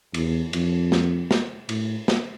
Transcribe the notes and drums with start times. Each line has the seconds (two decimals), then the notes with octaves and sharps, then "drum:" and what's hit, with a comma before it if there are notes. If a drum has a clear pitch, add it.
0.14 E2, drum: cymbal
0.53 F2, drum: cymbal
0.92 drum: snare
1.31 drum: snare
1.69 A2, drum: cymbal
2.08 drum: snare